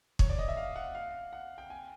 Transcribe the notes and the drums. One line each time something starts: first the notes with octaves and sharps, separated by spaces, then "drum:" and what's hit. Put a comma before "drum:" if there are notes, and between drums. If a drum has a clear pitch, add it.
C#5, drum: kick
D5
D#5
E5
F5
F#5
F5
F#5
G5
G#5